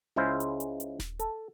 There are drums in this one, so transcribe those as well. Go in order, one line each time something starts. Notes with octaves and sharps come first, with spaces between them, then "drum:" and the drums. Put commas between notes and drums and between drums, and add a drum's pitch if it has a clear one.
C#2 C#3 G#3 E4 C5 F5
drum: hi-hat
drum: hi-hat
drum: hi-hat
drum: snare D#1
A4, drum: hi-hat